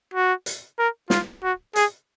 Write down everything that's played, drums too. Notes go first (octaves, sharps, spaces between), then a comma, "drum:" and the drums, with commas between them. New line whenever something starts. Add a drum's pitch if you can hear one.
F#4
drum: hi-hat
A#4
F4, drum: snare
F#4
G#4, drum: hi-hat